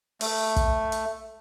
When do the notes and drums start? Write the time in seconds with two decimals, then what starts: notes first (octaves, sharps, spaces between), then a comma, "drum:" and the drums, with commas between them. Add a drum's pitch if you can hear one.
0.21 A3, drum: open hi-hat
0.56 drum: kick, hi-hat
0.92 drum: hi-hat